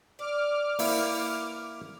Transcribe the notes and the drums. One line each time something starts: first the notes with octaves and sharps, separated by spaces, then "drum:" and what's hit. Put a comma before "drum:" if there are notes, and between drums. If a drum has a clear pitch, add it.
D5 D6 F6
A#3 E4, drum: open hi-hat